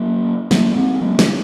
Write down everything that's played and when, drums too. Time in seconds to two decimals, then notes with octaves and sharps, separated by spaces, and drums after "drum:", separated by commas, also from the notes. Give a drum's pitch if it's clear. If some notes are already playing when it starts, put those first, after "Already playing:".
Already playing: F#3 A#3
0.51 F#3 A#3, drum: snare
0.76 G#3 C4
1.01 F#3 A#3
1.19 drum: snare